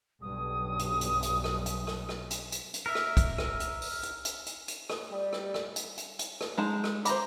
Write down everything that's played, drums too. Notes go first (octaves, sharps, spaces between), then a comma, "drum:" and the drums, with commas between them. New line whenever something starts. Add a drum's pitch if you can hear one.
B1 G2 D#6
drum: hi-hat
drum: hi-hat
drum: hi-hat
drum: rim click
drum: hi-hat
drum: rim click
drum: rim click
drum: hi-hat
drum: hi-hat
drum: hi-hat
A#4 E5
drum: rim click
drum: kick, hi-hat
drum: rim click
drum: hi-hat
drum: open hi-hat
drum: hi-hat
drum: hi-hat
drum: hi-hat
drum: hi-hat
drum: rim click
G3
drum: rim click
drum: rim click
drum: hi-hat
drum: hi-hat
drum: hi-hat
drum: rim click
G#3 D#4 A5
drum: rim click
C5 A#5 B5 D6, drum: hi-hat